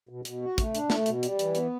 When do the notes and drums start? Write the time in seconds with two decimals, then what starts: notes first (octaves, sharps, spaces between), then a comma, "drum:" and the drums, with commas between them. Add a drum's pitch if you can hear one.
0.09 B2
0.25 B2, drum: hi-hat
0.42 F#4
0.58 A3, drum: kick, hi-hat
0.75 D4, drum: hi-hat
0.90 A3, drum: snare
1.06 B2, drum: hi-hat
1.23 G3, drum: hi-hat
1.39 E3, drum: hi-hat
1.55 B3, drum: hi-hat